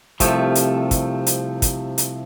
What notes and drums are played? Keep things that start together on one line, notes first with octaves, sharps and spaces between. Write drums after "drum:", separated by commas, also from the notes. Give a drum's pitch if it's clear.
C2 C3 F3 A3, drum: kick, hi-hat
drum: hi-hat
drum: kick, hi-hat
drum: hi-hat
drum: kick, hi-hat
drum: hi-hat